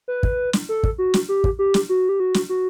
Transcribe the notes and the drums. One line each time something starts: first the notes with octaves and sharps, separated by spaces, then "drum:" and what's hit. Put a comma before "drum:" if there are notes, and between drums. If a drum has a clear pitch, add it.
B4
drum: kick
drum: snare
A4
drum: kick
F#4
drum: snare
G4
drum: kick
G4
drum: snare
F#4
G4
F#4
drum: snare
F#4